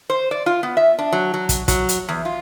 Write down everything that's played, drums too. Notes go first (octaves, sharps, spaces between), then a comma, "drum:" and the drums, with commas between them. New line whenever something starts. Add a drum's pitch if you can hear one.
C5
D5
F4
B3
E5
D4
F#3
F#3
drum: kick, hi-hat
F#3, drum: kick, hi-hat
drum: hi-hat
E2
F4